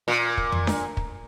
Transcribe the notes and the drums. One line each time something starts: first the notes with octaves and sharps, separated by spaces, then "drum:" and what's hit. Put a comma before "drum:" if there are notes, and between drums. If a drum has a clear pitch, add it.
A#2
drum: kick
drum: tom F2
drum: snare D4
drum: kick